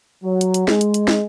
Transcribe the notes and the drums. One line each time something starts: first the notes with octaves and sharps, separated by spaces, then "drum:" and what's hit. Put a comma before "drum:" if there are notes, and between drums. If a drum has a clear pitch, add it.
F#3
drum: hi-hat
drum: hi-hat
G#3, drum: snare
drum: hi-hat
drum: hi-hat
drum: snare